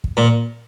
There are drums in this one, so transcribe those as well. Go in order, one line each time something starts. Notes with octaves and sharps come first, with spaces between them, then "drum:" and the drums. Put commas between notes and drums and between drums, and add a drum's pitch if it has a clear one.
drum: kick
A#2